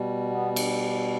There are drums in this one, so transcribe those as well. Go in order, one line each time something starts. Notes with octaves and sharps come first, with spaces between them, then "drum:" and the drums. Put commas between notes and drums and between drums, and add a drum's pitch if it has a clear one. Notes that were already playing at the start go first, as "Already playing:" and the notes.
Already playing: B2 G3
B3
drum: cymbal